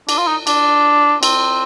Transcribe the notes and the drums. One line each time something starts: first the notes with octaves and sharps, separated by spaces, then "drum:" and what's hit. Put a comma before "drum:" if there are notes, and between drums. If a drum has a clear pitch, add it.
D4, drum: cymbal
F4
D#4
D4, drum: cymbal
C4, drum: cymbal